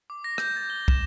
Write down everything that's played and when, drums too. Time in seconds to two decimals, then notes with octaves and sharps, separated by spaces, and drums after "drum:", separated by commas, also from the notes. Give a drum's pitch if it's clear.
0.10 D6
0.24 A#6
0.38 G6, drum: rim click
0.56 A6
0.70 G7
0.88 E7, drum: kick